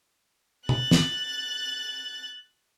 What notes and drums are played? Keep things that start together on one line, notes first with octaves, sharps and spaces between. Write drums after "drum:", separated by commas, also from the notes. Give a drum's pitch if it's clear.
F#6 A6, drum: tom C3
drum: snare